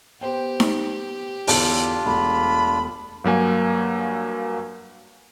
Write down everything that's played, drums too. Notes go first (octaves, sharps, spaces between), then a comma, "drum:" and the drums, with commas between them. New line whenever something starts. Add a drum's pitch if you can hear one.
B3 G4 C5 G5
drum: snare D#4
E2 D3 D4 F4, drum: open hi-hat
E1 A3 B5
G2 F#3 A#3 G#5